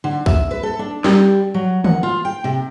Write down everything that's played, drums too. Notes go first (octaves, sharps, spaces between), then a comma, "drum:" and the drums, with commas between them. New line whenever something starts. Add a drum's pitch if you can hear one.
D3
E5, drum: kick
B4
A4
D4
G3, drum: snare
F#3
F#5, drum: tom D3
F4
G5
C3